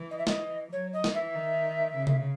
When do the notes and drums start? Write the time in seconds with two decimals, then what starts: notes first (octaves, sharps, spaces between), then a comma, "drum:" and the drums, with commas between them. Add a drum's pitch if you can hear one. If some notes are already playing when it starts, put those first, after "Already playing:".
Already playing: E3
0.11 D#5
0.19 E5
0.27 D#5, drum: snare
0.73 F#3 C#5
0.93 D#5
1.04 E3, drum: snare
1.14 E5
1.35 D#3
1.97 C#3
2.07 drum: tom C3